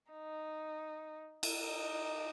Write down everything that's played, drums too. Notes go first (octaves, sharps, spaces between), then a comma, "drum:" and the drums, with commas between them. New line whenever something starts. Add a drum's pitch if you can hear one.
D#4
drum: cymbal
D#4